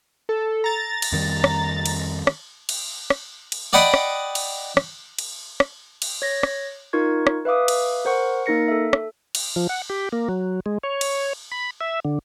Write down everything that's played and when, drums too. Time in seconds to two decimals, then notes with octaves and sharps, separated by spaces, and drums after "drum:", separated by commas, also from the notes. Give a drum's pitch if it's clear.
0.29 A4
0.64 A#5 A6
1.02 drum: cymbal
1.12 F2 D#3 G3
1.44 drum: rim click
1.86 drum: cymbal
2.27 drum: rim click
2.69 drum: cymbal
3.10 drum: rim click
3.52 drum: cymbal
3.73 D5 D#5 F#5 G5 B5 D#6
3.94 drum: rim click
4.35 drum: cymbal
4.77 drum: rim click
5.18 drum: cymbal
5.60 drum: rim click
6.02 drum: cymbal
6.22 C#5 A#6
6.43 drum: rim click
6.93 D#4 F4 A#4 C#6 G#6
7.27 drum: rim click
7.45 B4 E5 F5 D6 D#6
7.68 drum: cymbal
8.05 A#4 C5 F#5 C#6
8.46 A#3 D#4 A#4 A#6 C#7
8.68 A4 E5
8.93 drum: rim click
9.35 drum: cymbal
9.56 F3
9.69 F#5
9.90 G4
10.12 A#3
10.29 F#3
10.66 G#3
10.83 C#5
11.01 drum: cymbal
11.52 B5
11.81 E5
12.05 D3